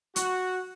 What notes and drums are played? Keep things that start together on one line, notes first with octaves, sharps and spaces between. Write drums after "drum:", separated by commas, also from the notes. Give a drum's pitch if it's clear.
F#4, drum: hi-hat